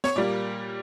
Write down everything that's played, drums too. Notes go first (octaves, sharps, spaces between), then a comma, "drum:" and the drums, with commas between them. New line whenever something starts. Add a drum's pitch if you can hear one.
C#5, drum: snare
A#2 G3 A#3 D5